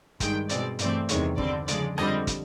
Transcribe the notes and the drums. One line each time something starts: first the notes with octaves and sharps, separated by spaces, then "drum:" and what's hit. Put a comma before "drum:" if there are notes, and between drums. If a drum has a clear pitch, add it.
G2 D#3 G#3 G5, drum: kick, hi-hat
B2 G#3 C4 D5, drum: hi-hat
G2 E3 A3 C4 D5, drum: hi-hat
E2 C3 D#3 G#3 C#5, drum: hi-hat
D3 G3 C4 D5, drum: kick
C#3 F3 G#3 D5, drum: hi-hat
F2 D3 G3 C4 D#5, drum: rim click
drum: kick, hi-hat